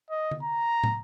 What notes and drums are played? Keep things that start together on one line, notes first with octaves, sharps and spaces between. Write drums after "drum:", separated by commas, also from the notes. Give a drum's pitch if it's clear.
D#5
drum: tom D3
A#5
drum: tom